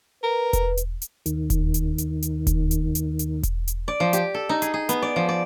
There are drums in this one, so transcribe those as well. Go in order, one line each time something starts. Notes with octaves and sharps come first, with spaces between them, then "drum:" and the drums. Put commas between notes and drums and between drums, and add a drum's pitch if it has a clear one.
A#4 B4
drum: kick E1, hi-hat
drum: hi-hat
drum: hi-hat
D#2 D#3, drum: hi-hat
drum: kick E1, hi-hat
drum: hi-hat
drum: hi-hat
drum: hi-hat
drum: kick E1, hi-hat
drum: hi-hat
drum: hi-hat
drum: hi-hat
drum: kick E1, hi-hat
drum: hi-hat
D5
F3
G4, drum: hi-hat
A4
D#4
G#4, drum: hi-hat
G#4
B3, drum: hi-hat
D5
F3
D5